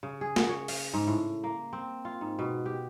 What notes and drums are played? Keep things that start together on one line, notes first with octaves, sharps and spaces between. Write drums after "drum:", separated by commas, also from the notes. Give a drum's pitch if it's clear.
C#3
G#4
drum: snare
C#5
F5, drum: open hi-hat
G#2
A2
A#3
C4
F4
G#2
B2
G4